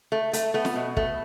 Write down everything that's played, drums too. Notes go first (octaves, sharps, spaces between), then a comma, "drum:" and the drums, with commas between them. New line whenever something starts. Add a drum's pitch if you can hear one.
A3
A3, drum: hi-hat
A3 B3
drum: snare
B2
A3, drum: kick